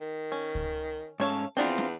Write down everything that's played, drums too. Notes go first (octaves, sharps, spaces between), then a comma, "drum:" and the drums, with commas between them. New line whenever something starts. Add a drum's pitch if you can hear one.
D#3
C#4
drum: kick C#2
G#2 A3 C#4 A4 C#5 F5
E2 B3 C4 D4 F4 G5
drum: snare